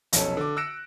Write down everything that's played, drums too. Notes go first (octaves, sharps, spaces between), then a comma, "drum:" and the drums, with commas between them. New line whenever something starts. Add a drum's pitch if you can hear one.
F1 B1 C#4 A4, drum: hi-hat
D3 D6
E6 F#6 A#6 C#7 D7 E7